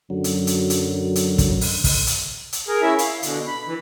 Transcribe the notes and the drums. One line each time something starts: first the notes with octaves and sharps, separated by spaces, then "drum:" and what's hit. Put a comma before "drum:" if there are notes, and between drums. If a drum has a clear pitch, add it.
F#2 D3 F#3
drum: hi-hat
drum: hi-hat
drum: hi-hat
drum: hi-hat
drum: kick, hi-hat
drum: open hi-hat
drum: kick, open hi-hat
drum: hi-hat
drum: hi-hat
G#4 A#4
C#4 E4 E5
F5, drum: hi-hat
B2 D3, drum: hi-hat
B5
E3